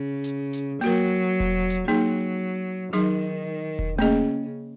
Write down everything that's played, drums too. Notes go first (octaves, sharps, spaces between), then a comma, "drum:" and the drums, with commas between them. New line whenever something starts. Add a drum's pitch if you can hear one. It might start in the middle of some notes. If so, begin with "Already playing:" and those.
Already playing: C#3
drum: hi-hat
drum: hi-hat
F#3 A#3 F#4 A#4, drum: hi-hat
drum: kick E1
drum: hi-hat
F#3 A#3 D#4 G#4
D#3 F#3 D#4 G#4, drum: hi-hat
drum: kick E1
C#3 A#3 C#4 G#4 D#5, drum: tom A3